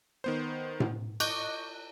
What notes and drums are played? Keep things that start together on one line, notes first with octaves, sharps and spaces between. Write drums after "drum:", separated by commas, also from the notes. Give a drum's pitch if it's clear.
D#3 B3 C5
drum: tom A2
D#5 C#6 D6 F#6 G6, drum: cymbal